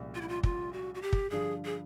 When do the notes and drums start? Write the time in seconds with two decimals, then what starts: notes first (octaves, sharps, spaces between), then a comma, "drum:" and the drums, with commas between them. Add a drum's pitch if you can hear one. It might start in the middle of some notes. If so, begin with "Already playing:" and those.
Already playing: C2 A#2 F3 G#3 C#4
0.15 F4
0.21 E4
0.28 F4
0.43 F4, drum: kick
0.73 F#4
0.95 F#4
1.02 G4
1.13 drum: kick
1.30 G2 D3 F3 G#4
1.65 G#4